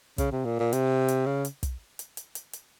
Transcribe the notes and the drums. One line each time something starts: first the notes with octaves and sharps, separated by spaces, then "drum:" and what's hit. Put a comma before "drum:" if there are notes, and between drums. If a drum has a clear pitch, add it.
C#3, drum: kick, hi-hat
C3
A#2
A#2
C3, drum: hi-hat
drum: hi-hat
C#3
drum: hi-hat
drum: kick, hi-hat
drum: hi-hat
drum: hi-hat
drum: hi-hat
drum: hi-hat